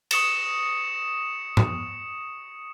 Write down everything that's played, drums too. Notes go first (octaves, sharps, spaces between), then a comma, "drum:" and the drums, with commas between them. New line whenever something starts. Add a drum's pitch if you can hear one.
C#6 D#6 C#7 E7, drum: cymbal
drum: tom G#2